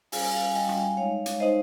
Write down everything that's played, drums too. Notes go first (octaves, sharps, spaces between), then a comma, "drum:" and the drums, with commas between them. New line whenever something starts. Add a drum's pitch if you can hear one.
G3 C#4 F4 F5 G#5, drum: open hi-hat
F5 G#5
G#5
G3 C#4 F4 D#5 G5
drum: rim click
G#3 D#4 C#5 F5
drum: hi-hat
G#3 D#4 C5 D#5